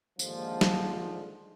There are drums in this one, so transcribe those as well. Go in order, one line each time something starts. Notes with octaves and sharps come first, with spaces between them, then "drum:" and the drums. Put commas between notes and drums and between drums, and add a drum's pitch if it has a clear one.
D#2 G#2 D3 F3, drum: tambourine
drum: snare